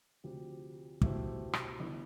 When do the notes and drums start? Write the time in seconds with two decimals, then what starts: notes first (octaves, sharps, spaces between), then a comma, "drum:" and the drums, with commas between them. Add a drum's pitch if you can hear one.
0.24 D2 C3 F3 C4 G4
1.01 B2 A3 E4 G4 C5, drum: kick
1.53 drum: rim click
1.80 G1 E3